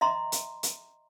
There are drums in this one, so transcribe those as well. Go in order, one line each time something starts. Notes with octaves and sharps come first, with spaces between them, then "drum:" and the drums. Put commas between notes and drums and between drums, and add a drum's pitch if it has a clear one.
D#5 E5 A#5 C6
drum: hi-hat
drum: hi-hat